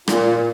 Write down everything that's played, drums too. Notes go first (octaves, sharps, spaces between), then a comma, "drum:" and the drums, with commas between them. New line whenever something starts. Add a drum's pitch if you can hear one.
A#2, drum: rim click